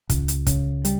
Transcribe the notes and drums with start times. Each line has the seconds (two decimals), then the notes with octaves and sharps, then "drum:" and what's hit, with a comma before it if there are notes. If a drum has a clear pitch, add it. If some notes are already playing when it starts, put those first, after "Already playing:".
0.10 C#2, drum: kick, hi-hat
0.28 drum: hi-hat
0.47 C#3, drum: kick, hi-hat
0.85 G3, drum: hi-hat